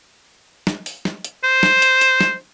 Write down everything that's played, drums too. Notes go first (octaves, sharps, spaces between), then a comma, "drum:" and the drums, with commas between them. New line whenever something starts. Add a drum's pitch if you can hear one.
drum: snare
drum: open hi-hat
drum: snare
drum: hi-hat
C5
drum: snare
drum: hi-hat
drum: hi-hat
drum: snare